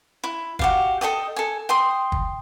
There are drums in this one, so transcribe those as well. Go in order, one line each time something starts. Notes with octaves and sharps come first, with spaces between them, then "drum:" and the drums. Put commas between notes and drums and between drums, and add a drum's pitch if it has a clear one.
E4
F#4 G4 F5, drum: kick
A4 D#5 G5 D#6
A4 G#5
G5 C6 D#6
drum: kick